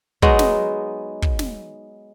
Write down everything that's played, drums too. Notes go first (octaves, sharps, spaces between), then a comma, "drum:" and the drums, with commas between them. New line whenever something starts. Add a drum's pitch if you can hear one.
F#3 G#3 B3 D#4, drum: kick
drum: snare
drum: kick
drum: snare